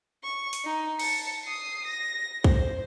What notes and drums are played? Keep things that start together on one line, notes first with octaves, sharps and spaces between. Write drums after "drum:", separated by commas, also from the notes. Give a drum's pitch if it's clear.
C#6
drum: open hi-hat
D#4
A5 C#7, drum: cymbal
D#6 C7
A#6
C5, drum: kick